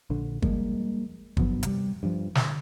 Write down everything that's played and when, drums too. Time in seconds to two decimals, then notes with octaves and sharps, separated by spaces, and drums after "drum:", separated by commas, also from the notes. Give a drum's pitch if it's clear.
0.10 A#1 D3
0.42 F3 G3 G#3 A#3, drum: kick
1.37 G2 F3 F#3 B3, drum: kick
1.63 C3 G3, drum: hi-hat
2.03 G2 F3
2.35 D3, drum: snare